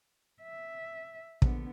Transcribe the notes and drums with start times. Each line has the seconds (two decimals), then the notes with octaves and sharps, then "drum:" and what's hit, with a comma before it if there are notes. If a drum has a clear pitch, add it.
0.42 E5
1.42 A#1 D3 B3, drum: kick